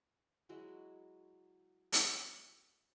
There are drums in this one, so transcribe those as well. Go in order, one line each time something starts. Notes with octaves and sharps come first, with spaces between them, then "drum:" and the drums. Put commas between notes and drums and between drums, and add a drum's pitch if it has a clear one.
F#3 G#3 E4 F#4
drum: hi-hat